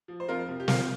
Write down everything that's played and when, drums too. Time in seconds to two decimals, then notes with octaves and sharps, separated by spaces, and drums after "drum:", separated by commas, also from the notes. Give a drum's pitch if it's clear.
0.08 F3
0.20 C5
0.28 F2 F4 A#4
0.48 C3 F3
0.60 G4
0.68 F2 F4 A#4, drum: snare